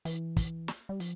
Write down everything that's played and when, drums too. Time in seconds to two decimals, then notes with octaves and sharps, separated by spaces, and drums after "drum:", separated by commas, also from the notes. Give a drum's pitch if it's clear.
0.05 E3, drum: hi-hat
0.37 drum: kick, hi-hat
0.68 drum: snare
0.89 G3
1.00 F3, drum: hi-hat